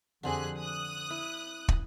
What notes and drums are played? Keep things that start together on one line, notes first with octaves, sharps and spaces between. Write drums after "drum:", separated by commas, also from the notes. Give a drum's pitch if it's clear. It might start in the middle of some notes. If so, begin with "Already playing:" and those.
F2 D3 C4 G4 G#4 F#6
D#6 F#6
E4
drum: kick